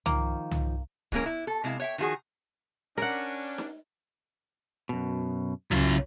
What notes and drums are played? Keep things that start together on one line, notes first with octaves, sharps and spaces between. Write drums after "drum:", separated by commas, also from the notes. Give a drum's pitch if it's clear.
D#3 F3 A#3, drum: tom
drum: tom
E3 G#3 A#3 C#4 A#4, drum: kick
E4
A4
C3 G#3 E4 F5
C#5 E5 G5
D#3 F3 F4 F#4 G#4
C#4 D4 A#4 F#5
drum: snare D#4
F#2 B2
C#3 F#3 E4 F4, drum: tom